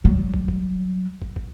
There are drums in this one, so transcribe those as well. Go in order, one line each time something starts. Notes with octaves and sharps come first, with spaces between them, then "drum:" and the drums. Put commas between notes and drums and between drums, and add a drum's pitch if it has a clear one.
F#3 G3
drum: kick
drum: kick
drum: kick
drum: kick